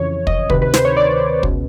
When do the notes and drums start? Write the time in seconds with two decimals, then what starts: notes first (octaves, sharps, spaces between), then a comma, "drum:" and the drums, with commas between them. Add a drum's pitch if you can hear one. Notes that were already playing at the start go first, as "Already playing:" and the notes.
Already playing: F2 C#3 E3 C#5
0.27 D#5, drum: kick
0.50 D2 C3 D#3 B4, drum: kick
0.62 B4
0.74 C5, drum: snare
0.85 C#5
0.97 D5
1.43 C#2 B2, drum: kick